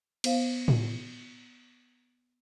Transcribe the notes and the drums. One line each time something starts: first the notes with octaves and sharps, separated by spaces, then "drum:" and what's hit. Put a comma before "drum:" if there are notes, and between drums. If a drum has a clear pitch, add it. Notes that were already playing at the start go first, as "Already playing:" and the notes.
B3 C5 F5, drum: cymbal
drum: tom A2